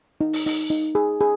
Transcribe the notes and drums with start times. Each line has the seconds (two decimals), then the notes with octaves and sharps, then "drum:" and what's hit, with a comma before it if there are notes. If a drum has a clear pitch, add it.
0.21 D#4
0.33 drum: open hi-hat
0.46 D#4, drum: open hi-hat
0.70 D#4
0.95 G#4
1.21 G#4